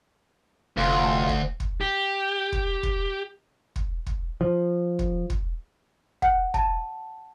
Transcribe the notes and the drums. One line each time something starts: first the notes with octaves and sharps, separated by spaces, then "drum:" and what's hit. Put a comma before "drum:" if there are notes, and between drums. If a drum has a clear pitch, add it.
F1 D2 F4
drum: kick
drum: kick
G4
drum: kick
drum: kick
drum: kick
drum: kick
F3
drum: kick
drum: kick
F#5, drum: kick
A5, drum: kick